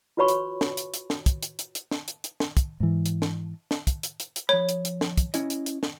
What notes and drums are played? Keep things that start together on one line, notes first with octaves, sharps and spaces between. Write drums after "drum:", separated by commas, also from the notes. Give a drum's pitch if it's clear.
F4 F#4 B4 C#5 B5 C#6
drum: hi-hat
drum: snare
drum: hi-hat
drum: hi-hat
drum: snare
drum: kick, hi-hat
drum: hi-hat
drum: hi-hat
drum: hi-hat
drum: snare
drum: hi-hat
drum: hi-hat
drum: snare
drum: kick, hi-hat
G#2 E3
drum: hi-hat
drum: snare
drum: snare
drum: kick, hi-hat
drum: hi-hat
drum: hi-hat
drum: hi-hat
F3 C#5 B5
drum: hi-hat
drum: hi-hat
drum: snare
drum: kick, hi-hat
C#4 E4 D#5, drum: hi-hat
drum: hi-hat
drum: hi-hat
drum: snare